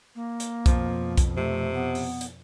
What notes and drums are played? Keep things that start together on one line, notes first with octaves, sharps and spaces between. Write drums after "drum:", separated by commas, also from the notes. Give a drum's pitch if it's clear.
A#3
drum: hi-hat
F2 B2 F3, drum: kick B1, hi-hat
drum: kick B1, hi-hat
C3 A3
B3
drum: open hi-hat
drum: hi-hat